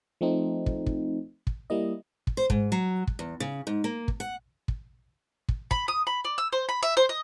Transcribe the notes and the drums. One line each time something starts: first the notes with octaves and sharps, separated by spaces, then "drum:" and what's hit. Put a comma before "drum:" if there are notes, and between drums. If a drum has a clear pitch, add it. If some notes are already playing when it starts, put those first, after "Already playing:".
F3 A3 C4 D#4
drum: kick
drum: kick
drum: kick
G3 A#3 E4 D#5
drum: kick
C5
G#2, drum: kick
F#3
drum: kick
E2
C#3
G#2
A#3
drum: kick
F#5
drum: kick
drum: kick
B5, drum: kick
D#6
B5
D5
E6
C5
B5
E5
C5
D#5